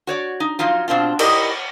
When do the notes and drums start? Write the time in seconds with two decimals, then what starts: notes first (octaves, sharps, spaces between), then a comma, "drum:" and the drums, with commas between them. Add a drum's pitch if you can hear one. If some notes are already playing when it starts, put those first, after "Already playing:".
0.07 F#4 C#5 D5
0.40 D#4
0.59 F3 F#3 D#4 F4
0.88 B2 C4 D4 F4
1.19 D#4 E4 G4 A#4 D5 D#5, drum: cymbal